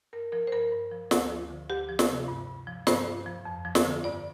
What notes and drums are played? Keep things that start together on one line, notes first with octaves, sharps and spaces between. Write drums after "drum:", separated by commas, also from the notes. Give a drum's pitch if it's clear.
G2 A#4
F3 A#4
C5
G2 A#4
G2
F3
D2, drum: snare
F3
D3
D2 G4
F3
drum: snare
C3
G2
G2
F3
G2 C5, drum: snare
G2
F3
F2
F3
drum: snare
D3
G2 D5